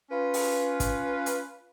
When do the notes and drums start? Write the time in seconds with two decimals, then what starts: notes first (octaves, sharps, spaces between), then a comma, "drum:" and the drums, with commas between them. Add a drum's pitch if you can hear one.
0.11 C#4 F4 B4
0.34 drum: open hi-hat
0.80 drum: kick, hi-hat
1.26 drum: hi-hat